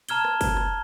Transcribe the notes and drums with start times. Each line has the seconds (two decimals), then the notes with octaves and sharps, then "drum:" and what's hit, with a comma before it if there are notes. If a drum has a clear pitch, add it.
0.09 A5 A#5 F6 G#6 G7, drum: hi-hat
0.25 drum: rim click
0.41 drum: kick, open hi-hat
0.57 drum: rim click